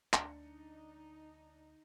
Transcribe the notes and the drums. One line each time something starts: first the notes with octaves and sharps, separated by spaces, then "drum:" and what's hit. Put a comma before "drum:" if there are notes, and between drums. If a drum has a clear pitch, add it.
D2 D4 D#4 C#7, drum: clap